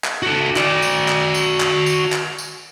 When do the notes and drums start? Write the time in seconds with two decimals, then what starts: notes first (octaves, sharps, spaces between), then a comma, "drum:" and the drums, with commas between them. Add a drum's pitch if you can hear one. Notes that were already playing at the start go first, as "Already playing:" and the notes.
0.04 drum: clap
0.23 F#4 A4
0.56 F#4 D5, drum: clap
0.82 drum: tambourine
1.08 drum: clap
1.34 drum: tambourine
1.60 drum: clap
1.86 drum: tambourine
2.12 drum: clap
2.38 drum: tambourine